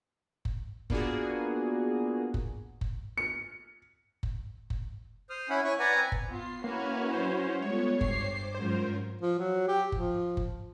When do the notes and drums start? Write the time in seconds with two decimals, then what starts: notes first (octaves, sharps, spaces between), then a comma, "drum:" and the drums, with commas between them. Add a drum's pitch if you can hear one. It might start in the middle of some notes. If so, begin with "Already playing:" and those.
0.45 drum: kick F#1
0.90 A#3 B3 D4 F4 F#4 G#4, drum: kick F#1
2.34 drum: kick F#1
2.81 drum: kick F#1
3.18 C#7
4.23 drum: kick F#1
4.70 drum: kick F#1
5.30 C5 D#6 F6
5.50 C#4 E4 F#5 B5
5.64 E4 C#5 G#5 C#6
5.79 B4 D5 F#5 G#5 A#5
5.94 C4
6.12 drum: kick F#1
6.30 B3 F4 C7
6.64 A#3 C#4 E4 F#4 B4 F6 F#6 G#6
7.14 F#3 C5
7.62 G3 G#3 B3 F4 A4 C#5
8.01 G2 C5 D6 C7, drum: kick F#1
8.55 G#2 F#3 C#4 F4 A#4 C5
9.21 F3
9.39 F#3
9.68 G4
9.92 F3, drum: kick F#1
10.37 drum: kick F#1